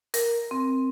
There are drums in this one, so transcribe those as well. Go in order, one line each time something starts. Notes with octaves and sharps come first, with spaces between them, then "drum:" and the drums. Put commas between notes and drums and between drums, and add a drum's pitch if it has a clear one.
A#4, drum: hi-hat
C4